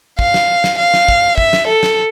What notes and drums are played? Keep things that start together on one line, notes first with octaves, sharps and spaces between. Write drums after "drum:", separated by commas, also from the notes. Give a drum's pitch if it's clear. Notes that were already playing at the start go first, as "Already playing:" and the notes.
F5, drum: kick
drum: snare
drum: snare
F5
drum: snare
drum: kick
E5, drum: kick
drum: snare
A4
drum: snare